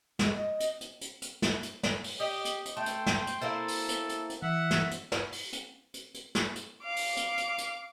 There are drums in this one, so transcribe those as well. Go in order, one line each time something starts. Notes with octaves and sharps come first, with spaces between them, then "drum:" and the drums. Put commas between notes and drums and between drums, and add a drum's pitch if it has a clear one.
G#3, drum: snare
D#5
drum: hi-hat
drum: hi-hat
drum: hi-hat
drum: hi-hat
drum: snare
drum: hi-hat
drum: snare
drum: open hi-hat
G4 D#5
drum: hi-hat
drum: hi-hat
A3 G5 C6
drum: hi-hat
drum: snare
drum: hi-hat
A#3 C4 E4 A4
drum: open hi-hat
drum: hi-hat
drum: hi-hat
drum: hi-hat
E3 E5 F#5
drum: snare
drum: hi-hat
drum: snare
drum: open hi-hat
drum: hi-hat
drum: hi-hat
drum: hi-hat
drum: snare
drum: hi-hat
F5 D6
drum: open hi-hat
drum: hi-hat
drum: hi-hat
drum: hi-hat